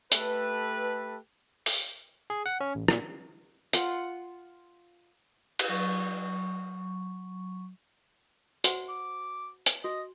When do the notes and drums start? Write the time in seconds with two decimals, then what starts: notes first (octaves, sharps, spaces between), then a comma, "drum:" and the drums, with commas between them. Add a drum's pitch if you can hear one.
0.12 A3 G4 A4 B4, drum: hi-hat
1.66 drum: open hi-hat
2.30 G#4
2.46 F#5
2.60 C#4
2.75 A1
2.88 A#2, drum: rim click
3.73 F4 F#5, drum: hi-hat
5.59 drum: cymbal
5.69 F#3 C#6
8.64 F#4 C5 F#5, drum: hi-hat
8.89 D6
9.66 drum: hi-hat
9.84 F#4 D#5